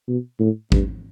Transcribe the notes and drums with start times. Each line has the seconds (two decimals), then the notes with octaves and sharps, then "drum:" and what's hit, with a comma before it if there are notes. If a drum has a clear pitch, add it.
0.08 B2
0.40 A2
0.72 G2, drum: kick